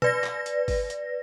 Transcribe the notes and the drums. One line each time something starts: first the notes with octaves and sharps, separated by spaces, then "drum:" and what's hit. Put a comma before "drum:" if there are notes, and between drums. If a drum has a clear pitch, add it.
B4 D5 A#6, drum: tom B2
drum: clap
drum: hi-hat
drum: kick, open hi-hat
drum: hi-hat